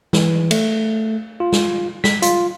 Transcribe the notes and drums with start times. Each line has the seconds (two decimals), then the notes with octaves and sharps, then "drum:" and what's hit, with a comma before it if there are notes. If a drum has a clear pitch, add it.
0.13 E3, drum: snare
0.51 A3, drum: cymbal
1.40 F4
1.52 drum: snare
2.04 B6, drum: snare
2.22 F4, drum: hi-hat